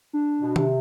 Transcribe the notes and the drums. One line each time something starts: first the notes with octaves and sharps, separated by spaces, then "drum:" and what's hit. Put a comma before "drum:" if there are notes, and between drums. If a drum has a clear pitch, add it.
D4
B2
C3, drum: tom D#3